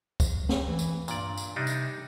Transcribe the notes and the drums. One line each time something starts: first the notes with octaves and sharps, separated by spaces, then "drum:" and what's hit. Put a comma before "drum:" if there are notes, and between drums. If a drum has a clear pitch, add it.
drum: kick, tambourine
drum: snare
E3
drum: tambourine
G2 A#2 D5, drum: tambourine
drum: tambourine
C3 G3 D4 D#4
drum: tambourine